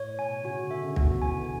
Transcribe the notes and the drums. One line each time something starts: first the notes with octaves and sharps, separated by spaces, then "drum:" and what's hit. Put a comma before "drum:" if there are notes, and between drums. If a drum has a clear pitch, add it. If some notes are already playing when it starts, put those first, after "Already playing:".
Already playing: A2 C#5
B2 G#5
C#3 F#4
D3
D3 E5
C#3
B2 F#4, drum: kick
C#3
E3 G#5
D3